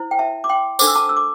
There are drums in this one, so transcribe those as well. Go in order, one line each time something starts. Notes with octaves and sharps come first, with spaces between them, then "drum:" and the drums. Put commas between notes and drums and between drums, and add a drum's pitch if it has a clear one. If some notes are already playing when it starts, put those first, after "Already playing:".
Already playing: E4 C5
G5
E5 A5
D6
G5 C6
D4 A4 C5 D6, drum: tambourine
E6
A5 D6
E6
D6